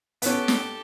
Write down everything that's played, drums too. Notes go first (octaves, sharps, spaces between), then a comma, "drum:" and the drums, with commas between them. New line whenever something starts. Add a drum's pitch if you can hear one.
B3 C#4 G4 A4, drum: hi-hat
drum: snare